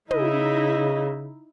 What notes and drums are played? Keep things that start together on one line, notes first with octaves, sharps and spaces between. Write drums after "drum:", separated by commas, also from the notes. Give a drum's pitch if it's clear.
C#3 D#4 E4 D#5, drum: tom